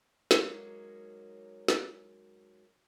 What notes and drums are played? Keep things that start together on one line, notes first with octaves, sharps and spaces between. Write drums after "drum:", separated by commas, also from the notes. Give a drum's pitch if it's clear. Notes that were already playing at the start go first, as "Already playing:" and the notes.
F#3 G#3 A#3 C#4 D#4, drum: snare
drum: snare